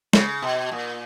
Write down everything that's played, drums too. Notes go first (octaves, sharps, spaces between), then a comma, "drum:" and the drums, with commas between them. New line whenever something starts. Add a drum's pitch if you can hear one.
C#3, drum: snare
B2
A#2